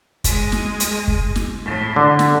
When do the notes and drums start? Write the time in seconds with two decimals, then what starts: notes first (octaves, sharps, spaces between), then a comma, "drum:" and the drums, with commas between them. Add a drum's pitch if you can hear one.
0.24 G#3, drum: kick, hi-hat
0.52 drum: snare
0.80 drum: hi-hat
1.08 drum: kick
1.36 drum: snare
1.64 A2
1.96 D3
2.19 drum: snare